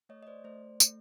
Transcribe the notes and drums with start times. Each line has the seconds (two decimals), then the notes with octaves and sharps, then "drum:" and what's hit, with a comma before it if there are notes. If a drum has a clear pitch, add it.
0.09 A3 C#5 D#5
0.23 D#5
0.27 C5 D5
0.44 A3 C5 D5
0.80 A3, drum: tambourine